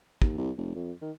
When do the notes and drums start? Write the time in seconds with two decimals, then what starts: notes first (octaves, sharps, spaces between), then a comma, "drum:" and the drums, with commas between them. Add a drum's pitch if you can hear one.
0.22 D#2, drum: kick
0.38 C2
0.58 F1
0.75 F2
1.01 D#3